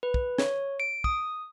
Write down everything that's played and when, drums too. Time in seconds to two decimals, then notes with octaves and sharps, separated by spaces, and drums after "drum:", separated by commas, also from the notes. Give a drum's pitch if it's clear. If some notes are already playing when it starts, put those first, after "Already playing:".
0.03 B4
0.14 drum: kick
0.38 C#5, drum: snare
0.80 D7
1.04 D#6, drum: kick